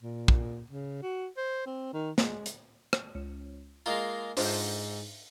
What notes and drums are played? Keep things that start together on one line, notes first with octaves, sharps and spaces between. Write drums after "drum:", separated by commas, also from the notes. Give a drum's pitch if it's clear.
A#2
drum: kick
C#3
F#4
C5
C4
D#3
G#3, drum: snare
drum: hi-hat
drum: rim click
C#2
G#3 A#3 F4 A#5
G#2 D4 F4 C5, drum: open hi-hat